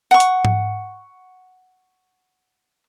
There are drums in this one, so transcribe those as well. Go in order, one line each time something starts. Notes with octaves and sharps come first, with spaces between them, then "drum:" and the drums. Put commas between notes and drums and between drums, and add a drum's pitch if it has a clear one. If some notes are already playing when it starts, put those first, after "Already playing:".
F#5 C#6
drum: hi-hat
drum: tom G#2